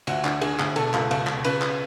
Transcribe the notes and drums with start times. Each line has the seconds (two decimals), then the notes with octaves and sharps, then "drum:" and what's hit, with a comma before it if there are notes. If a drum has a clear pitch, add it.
0.07 D2 F#4, drum: cymbal
0.25 D3, drum: clap
0.41 D3 G#4, drum: cymbal
0.60 D2, drum: clap
0.76 B2 A4, drum: cymbal
0.94 C#2 A4, drum: clap
1.11 C#2, drum: cymbal
1.27 B2, drum: clap
1.44 C#3 B4, drum: cymbal
1.62 drum: clap